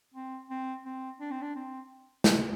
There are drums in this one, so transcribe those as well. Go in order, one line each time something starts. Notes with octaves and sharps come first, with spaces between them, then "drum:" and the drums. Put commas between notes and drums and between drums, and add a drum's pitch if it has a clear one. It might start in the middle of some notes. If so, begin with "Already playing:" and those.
C4
C4
C4
D4
C4
D4
C4
drum: snare